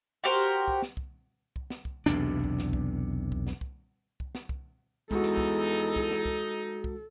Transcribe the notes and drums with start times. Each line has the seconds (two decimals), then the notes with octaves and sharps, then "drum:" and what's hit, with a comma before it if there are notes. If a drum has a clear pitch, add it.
0.24 F#4 G4 A#4 C5
0.68 drum: kick
0.82 drum: snare
0.97 drum: kick
1.56 drum: kick
1.70 drum: snare
1.85 drum: kick
2.06 B1 E2 C3 D4
2.44 drum: kick
2.59 drum: snare
2.73 drum: kick
3.32 drum: kick
3.47 drum: snare
3.61 drum: kick
4.20 drum: kick
4.35 drum: snare
4.49 drum: kick
5.11 E2 G#3 D#4 F#4 A4, drum: kick
5.23 drum: snare
5.37 drum: kick
5.96 drum: kick
6.11 drum: snare
6.25 drum: kick
6.84 drum: kick